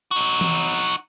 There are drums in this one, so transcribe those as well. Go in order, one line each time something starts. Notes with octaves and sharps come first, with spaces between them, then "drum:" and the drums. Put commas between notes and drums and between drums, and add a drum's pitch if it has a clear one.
D#4 F#4
drum: tom E3